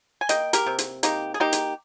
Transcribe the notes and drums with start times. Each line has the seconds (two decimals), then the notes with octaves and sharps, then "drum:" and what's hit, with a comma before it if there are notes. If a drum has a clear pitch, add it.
0.21 G#5
0.29 A#3 D#5 G5, drum: hi-hat
0.53 G4 A#4, drum: hi-hat
0.66 C3
0.78 drum: hi-hat
1.03 A#3 D#4 G4, drum: hi-hat
1.34 G#4
1.40 A#3 D#4 G4
1.53 drum: hi-hat